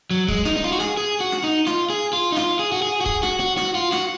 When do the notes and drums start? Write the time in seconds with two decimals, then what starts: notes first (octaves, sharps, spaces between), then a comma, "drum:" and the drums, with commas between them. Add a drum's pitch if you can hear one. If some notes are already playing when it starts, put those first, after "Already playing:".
0.11 F#3
0.28 G#3, drum: kick C#1
0.45 D#4, drum: snare
0.56 D#4
0.64 F4
0.72 F#4
0.80 G#4, drum: snare
0.97 G#4
1.20 F#4
1.32 drum: snare
1.44 D#4
1.67 F4, drum: snare
1.90 G#4
2.13 F4
2.32 D#4
2.36 F4, drum: snare
2.59 G#4
2.72 F#4
2.82 G#4
3.01 F#4
3.06 G#4, drum: kick C#1
3.23 F#4, drum: snare
3.40 F#4
3.57 F#4, drum: snare
3.75 F4
3.92 F#4, drum: snare